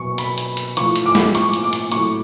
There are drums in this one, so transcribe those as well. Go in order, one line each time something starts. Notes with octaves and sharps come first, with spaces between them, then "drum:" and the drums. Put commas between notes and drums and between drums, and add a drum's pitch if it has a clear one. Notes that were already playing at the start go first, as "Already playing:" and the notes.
Already playing: B2 F#3 C#6
B5, drum: hi-hat
drum: hi-hat
drum: hi-hat
A2 F3 C#6, drum: hi-hat
drum: hi-hat
D6
drum: snare
C#6, drum: hi-hat
drum: hi-hat
D6
drum: hi-hat
A2 F#3 C#6, drum: hi-hat